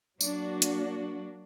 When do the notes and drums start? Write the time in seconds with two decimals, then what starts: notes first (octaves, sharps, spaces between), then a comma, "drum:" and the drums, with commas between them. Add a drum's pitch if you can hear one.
0.21 F#3 A#3 D4 F#4, drum: tambourine
0.62 drum: hi-hat